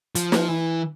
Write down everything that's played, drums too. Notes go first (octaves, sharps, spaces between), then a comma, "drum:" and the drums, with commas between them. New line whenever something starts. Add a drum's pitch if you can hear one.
F3, drum: hi-hat
drum: snare
E3